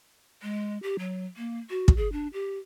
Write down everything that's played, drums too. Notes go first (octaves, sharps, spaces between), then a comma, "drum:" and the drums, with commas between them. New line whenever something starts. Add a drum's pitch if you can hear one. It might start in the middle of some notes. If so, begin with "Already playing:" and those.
G#3
G4
F#3
A#3
F#4
drum: kick
G#4
D4
G4